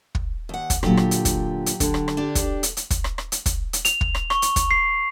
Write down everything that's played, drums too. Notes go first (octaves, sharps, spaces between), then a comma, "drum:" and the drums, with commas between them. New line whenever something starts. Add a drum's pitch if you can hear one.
drum: kick
D#2 F#5
drum: kick, hi-hat
A#2 D3 F#3 G4, drum: rim click
drum: rim click
drum: hi-hat
drum: kick, hi-hat
drum: hi-hat
D3, drum: kick, hi-hat
drum: rim click
drum: rim click
D4 G4
drum: kick, hi-hat
drum: hi-hat
drum: hi-hat
drum: kick, hi-hat
drum: rim click
drum: rim click
drum: hi-hat
drum: kick, hi-hat
drum: hi-hat
F7, drum: hi-hat
drum: kick
drum: rim click
C#6, drum: rim click
drum: hi-hat
drum: kick, hi-hat
C7